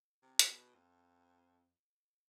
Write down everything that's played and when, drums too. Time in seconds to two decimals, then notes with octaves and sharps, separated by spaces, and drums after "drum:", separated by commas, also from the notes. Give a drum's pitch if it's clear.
0.22 C3
0.39 C3, drum: hi-hat
0.49 B2
0.75 F2